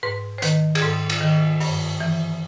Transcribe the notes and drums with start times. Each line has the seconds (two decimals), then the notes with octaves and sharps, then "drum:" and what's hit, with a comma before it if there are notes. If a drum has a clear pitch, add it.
0.03 G#2 B4
0.38 C5
0.42 D#3 B4, drum: hi-hat
0.75 G#4, drum: cymbal
0.82 G#2 A4
1.10 drum: cymbal
1.21 D#3
1.61 G2, drum: open hi-hat
2.00 E3